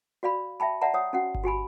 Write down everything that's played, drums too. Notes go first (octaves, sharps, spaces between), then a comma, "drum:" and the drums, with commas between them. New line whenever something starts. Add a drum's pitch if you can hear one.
F#4 D5 F5 B5
E5 G5 A5 B5
D5 E5 F#5 A5 A#5
C#5 F#5 D#6
C#4 F#4 F#5
drum: kick G1
F#4 G4 G#5 B5